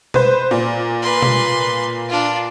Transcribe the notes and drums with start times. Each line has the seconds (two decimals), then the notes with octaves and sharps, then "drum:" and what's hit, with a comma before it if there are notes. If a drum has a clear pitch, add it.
0.14 B4 C5, drum: tom B2
0.51 A#2
1.02 B4 C6
1.22 drum: tom B2
2.09 D4 F4